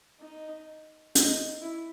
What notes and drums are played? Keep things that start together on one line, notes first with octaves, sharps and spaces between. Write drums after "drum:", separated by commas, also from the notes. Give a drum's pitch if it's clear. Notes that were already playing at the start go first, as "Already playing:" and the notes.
D#4
D#4, drum: hi-hat
E4